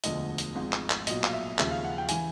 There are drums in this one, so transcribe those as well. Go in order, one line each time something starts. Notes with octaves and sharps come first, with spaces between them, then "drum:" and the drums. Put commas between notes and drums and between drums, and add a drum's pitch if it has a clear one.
E1 D2 D3 F3 D#5, drum: hi-hat
drum: hi-hat
G#1 G#2 F3
drum: clap
drum: clap
B1 A#2 F#3 D#5, drum: hi-hat
F5, drum: clap
E5
D#2 C#3 F3 E5, drum: clap
F5
F#5
G5
E3 G#5, drum: hi-hat